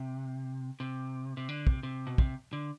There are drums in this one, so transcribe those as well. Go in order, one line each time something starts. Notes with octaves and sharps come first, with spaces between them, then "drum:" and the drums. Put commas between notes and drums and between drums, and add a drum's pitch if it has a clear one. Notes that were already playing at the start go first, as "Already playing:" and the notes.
Already playing: C3
C3
C3
D3
C3, drum: kick
C3
B2
C3, drum: kick
D3